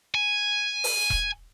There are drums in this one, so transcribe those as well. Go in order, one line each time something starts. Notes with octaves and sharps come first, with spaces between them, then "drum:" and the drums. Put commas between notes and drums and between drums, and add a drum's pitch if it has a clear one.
G#5
drum: open hi-hat
drum: kick E1